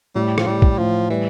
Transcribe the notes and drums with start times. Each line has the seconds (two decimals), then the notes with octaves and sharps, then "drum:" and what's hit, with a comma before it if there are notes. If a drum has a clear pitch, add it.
0.15 A2 G3
0.38 F3, drum: rim click
0.46 A2 G3
0.62 drum: kick
0.78 A2 F3
1.10 E3 G3